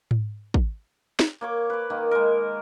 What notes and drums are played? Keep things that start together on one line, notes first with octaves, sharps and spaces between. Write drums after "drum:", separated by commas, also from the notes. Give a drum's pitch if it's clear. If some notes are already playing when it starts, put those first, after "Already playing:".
drum: tom G#2
drum: kick
drum: snare
A#3 C#5 D6
B4 D6
D#3 A#3
G#3 A#4